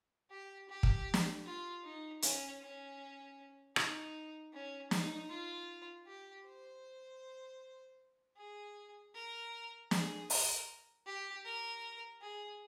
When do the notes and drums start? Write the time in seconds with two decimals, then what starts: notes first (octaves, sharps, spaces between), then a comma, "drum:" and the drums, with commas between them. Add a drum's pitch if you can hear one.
0.30 G4
0.69 G4
0.83 drum: kick
1.14 drum: snare
1.46 F4
1.84 D#4
2.22 C#4, drum: hi-hat
2.61 C#4
3.76 D#4, drum: rim click
4.53 C#4
4.91 D#4, drum: snare
5.30 F4
6.07 G4
6.46 C5
8.37 G#4
9.15 A#4
9.91 G#4, drum: snare
10.30 A#4, drum: open hi-hat
11.07 G4
11.45 A#4
12.22 G#4